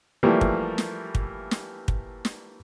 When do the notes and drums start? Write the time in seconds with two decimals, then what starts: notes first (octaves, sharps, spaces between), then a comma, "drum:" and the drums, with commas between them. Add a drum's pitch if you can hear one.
0.23 E3 F3 G3 A3 A#3
0.41 drum: kick
0.78 drum: snare
1.15 drum: kick
1.51 drum: snare
1.88 drum: kick
2.25 drum: snare